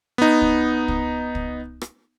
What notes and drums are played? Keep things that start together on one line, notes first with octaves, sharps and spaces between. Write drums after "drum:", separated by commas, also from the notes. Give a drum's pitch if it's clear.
B3 D#4
drum: kick
drum: kick
drum: kick
drum: rim click